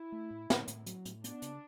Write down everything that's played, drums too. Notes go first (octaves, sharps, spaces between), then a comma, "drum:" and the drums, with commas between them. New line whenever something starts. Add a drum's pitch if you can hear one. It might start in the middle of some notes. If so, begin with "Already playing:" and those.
Already playing: E4
A3
A2
A2, drum: snare
A2, drum: hi-hat
F#3, drum: hi-hat
A2, drum: hi-hat
B3 D4, drum: hi-hat
C#3, drum: hi-hat